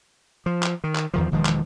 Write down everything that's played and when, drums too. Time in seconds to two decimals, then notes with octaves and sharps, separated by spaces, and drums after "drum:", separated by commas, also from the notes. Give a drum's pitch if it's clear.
0.46 F3
0.63 drum: clap
0.84 D#3
0.96 drum: clap
1.14 E2 D#3 F3
1.32 E1 D#3 F3 G#3
1.45 drum: clap